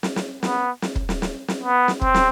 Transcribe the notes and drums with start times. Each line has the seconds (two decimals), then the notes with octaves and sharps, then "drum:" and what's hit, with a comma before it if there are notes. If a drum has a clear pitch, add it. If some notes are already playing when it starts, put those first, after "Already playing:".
0.03 drum: snare
0.16 drum: snare
0.43 B3, drum: snare
0.82 drum: snare
0.96 drum: kick
1.09 drum: snare
1.22 drum: snare
1.48 drum: snare
1.61 B3
1.88 drum: snare
2.01 C4, drum: kick
2.14 drum: snare